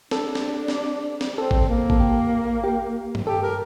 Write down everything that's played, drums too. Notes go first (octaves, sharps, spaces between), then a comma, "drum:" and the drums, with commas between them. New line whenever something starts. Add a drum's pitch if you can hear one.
D4 A4, drum: snare
drum: snare
drum: snare
drum: snare
C4 A4
drum: kick G#1
A#3
A4, drum: kick G#1
G4
G4
drum: tom G2
G4 A4
A#4